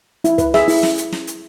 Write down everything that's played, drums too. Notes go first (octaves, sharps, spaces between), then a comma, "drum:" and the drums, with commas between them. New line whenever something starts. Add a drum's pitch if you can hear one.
E4, drum: hi-hat
B4, drum: kick, hi-hat
G#4 E5, drum: snare
E4, drum: open hi-hat
drum: snare
drum: hi-hat
drum: snare
drum: hi-hat